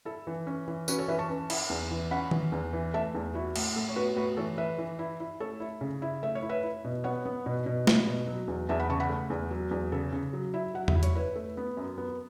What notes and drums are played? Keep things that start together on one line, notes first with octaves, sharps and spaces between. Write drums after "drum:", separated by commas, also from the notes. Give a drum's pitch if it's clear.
E4 A4
E3
C#4
E3
C#4 F#4 B4, drum: tambourine
A4 C#5
E3 B4 E5
A5 C#6
C#4
E4, drum: cymbal
E2
E3
C#4 F#5 B5
E3, drum: tom D#3
E2
E3
A3 E5 A5
E2
E4 F#4
A2, drum: cymbal
A2 A4
C#5
B3 F#4 B4
A2 F#4 B4
E3 A4 C#5
E3 B4 E5
E3
E4
E4
A3 A4 C#5
E4
C#3
E4
A3 E5
C#5
E4
B4 E5
E4
B2
B3 C#5 F#5
B3
B2
B2
E4, drum: snare
B2
F#3
E2
E2 E5 A5
F#5 B5
C#3 A5 C#6
F#5 B5
A3
E2
F#3
E2
C#3 A4
C#3
F#3
E4
F#3 F#5
E5, drum: tom E2
E4
C#5, drum: hi-hat
E4 B4 E5
A3
B3
F#2
B3